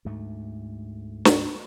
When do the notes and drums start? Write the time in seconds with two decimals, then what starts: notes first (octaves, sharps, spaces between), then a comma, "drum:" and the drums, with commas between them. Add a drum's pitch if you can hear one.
0.05 D2 G#2 A3
1.25 drum: snare